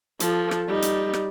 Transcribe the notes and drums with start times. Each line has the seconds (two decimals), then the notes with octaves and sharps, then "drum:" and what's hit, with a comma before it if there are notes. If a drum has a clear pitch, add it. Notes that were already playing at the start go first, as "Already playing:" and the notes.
0.20 F3 A4, drum: hi-hat
0.51 drum: rim click
0.68 G3 D#4
0.82 drum: hi-hat
1.13 drum: rim click